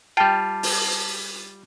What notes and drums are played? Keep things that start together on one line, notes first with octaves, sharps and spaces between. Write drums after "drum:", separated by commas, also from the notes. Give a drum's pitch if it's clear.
G3 F4 G5 A5
drum: open hi-hat